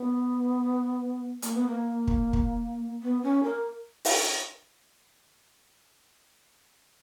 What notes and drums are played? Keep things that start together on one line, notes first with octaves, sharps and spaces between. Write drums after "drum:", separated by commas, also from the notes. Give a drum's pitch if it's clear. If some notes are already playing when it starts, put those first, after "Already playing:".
Already playing: B3
A#3, drum: hi-hat
B3
A#3
drum: kick
drum: kick
B3
C#4
A#4
drum: open hi-hat